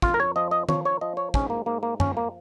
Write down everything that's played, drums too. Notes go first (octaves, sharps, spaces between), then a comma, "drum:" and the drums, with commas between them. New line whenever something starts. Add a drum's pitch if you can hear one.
F2 F4, drum: kick
A#4
C#5
F3 D#5
D#5
F3 C#5, drum: tom D#3
C#5
F3 D#5
C#5
G#2 C#4, drum: kick
A#3
G#2 A#3
A#3
F3 C#4, drum: tom F#2
A#3